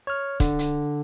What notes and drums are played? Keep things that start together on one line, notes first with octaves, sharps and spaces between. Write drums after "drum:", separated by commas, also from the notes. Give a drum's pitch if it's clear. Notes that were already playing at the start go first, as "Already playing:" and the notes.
C#5 F6
D3, drum: kick, hi-hat
drum: hi-hat